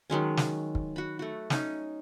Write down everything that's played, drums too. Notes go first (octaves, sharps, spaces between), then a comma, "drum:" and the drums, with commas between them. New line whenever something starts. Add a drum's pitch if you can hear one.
D#3 F#3 G#3 C#4
drum: snare
drum: kick
F#4 B5
A3 F#4
C#4 D#4, drum: snare